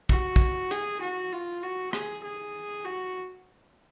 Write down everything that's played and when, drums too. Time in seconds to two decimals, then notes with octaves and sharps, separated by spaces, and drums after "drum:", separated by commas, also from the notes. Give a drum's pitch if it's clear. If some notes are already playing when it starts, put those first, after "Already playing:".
0.09 F#4, drum: kick
0.36 drum: kick
0.71 G#4, drum: hi-hat
1.02 F#4
1.33 F4
1.63 F#4
1.93 G#4, drum: rim click
2.24 G#4
2.85 F#4